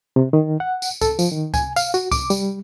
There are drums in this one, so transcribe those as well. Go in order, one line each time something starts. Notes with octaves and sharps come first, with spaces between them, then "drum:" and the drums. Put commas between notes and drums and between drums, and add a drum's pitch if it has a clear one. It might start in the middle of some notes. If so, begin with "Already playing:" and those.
C3
D#3
F#5
drum: tambourine
A4, drum: kick C#2, tambourine
F3, drum: tambourine
D#3
G#5, drum: kick C#2, tambourine
F5, drum: tambourine
F#4, drum: tambourine
D6, drum: kick C#2, tambourine
G3, drum: tambourine